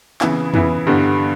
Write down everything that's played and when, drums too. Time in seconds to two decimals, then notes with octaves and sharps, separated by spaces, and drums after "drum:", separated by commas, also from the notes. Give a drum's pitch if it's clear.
0.21 C#3 E3 B3 E4, drum: clap
0.54 C#3 E3 B3 E4, drum: tom
0.87 G2 D3 G3 B3